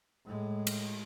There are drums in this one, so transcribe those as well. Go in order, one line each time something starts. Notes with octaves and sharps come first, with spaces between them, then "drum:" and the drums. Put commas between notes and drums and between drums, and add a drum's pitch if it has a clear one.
A2 G#3
drum: cymbal